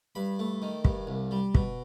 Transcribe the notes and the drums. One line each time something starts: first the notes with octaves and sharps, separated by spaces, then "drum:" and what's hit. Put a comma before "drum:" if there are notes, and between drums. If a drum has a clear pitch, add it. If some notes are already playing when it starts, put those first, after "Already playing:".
G2 B5
A3
D#3
G2, drum: kick
C2
G3
B2, drum: kick